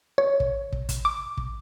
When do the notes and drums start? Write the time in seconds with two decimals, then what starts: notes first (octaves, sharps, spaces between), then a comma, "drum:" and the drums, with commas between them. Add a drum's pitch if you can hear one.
0.18 C#5
0.40 drum: kick
0.72 drum: kick
0.89 drum: kick, hi-hat
1.05 D6
1.37 drum: kick